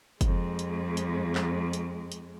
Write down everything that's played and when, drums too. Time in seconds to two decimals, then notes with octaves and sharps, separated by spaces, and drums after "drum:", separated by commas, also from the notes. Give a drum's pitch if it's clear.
0.21 F2 G#3, drum: kick F#1, hi-hat
0.59 drum: hi-hat
0.97 drum: hi-hat
1.35 drum: clap
1.73 drum: hi-hat
2.12 drum: hi-hat